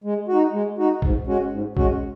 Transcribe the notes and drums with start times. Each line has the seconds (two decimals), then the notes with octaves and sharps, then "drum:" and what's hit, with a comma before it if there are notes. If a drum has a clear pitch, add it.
0.04 G#3
0.28 D#4 F#4
0.53 G#3
0.78 D#4 F#4
1.02 G#2, drum: kick G#1
1.27 G#3 C#4 F#4
1.52 G#2
1.77 G#3 C#4 F#4, drum: kick G#1